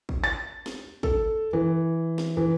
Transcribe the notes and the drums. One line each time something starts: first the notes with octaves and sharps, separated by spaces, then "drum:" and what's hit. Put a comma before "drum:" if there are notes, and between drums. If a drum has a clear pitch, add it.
drum: kick
A6
drum: snare
A4, drum: kick
E3
drum: snare
E3